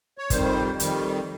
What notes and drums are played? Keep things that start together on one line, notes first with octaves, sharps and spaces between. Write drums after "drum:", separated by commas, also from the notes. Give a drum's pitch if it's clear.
C#5
F2 D#3 G3 C5, drum: kick, hi-hat
F2 D#3 G3, drum: hi-hat